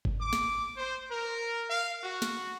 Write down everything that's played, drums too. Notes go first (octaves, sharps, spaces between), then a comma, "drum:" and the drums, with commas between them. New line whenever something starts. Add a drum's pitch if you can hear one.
drum: kick G1
D6
drum: snare
C5
A#4
F5
F#4
drum: snare